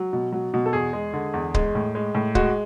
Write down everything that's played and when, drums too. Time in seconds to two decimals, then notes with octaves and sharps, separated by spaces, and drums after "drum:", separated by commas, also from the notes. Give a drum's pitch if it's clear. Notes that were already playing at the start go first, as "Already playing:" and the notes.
Already playing: F#3
0.13 B2
0.32 F#3
0.54 B2
0.66 A4
0.73 E2 G#4
0.93 G#3
1.13 D3
1.34 E2
1.54 G#3, drum: kick C#1
1.75 A2
1.95 G#3
2.15 A2
2.35 G#3 F#4, drum: kick C#1